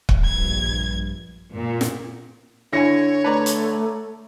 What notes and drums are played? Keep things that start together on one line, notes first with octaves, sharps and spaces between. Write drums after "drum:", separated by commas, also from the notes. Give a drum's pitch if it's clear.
drum: kick
A#1 G2 G#6
A#2
drum: snare
D3 E4 C#5 G#5 A#6 C#7
A3 B4 D5 A#5
drum: hi-hat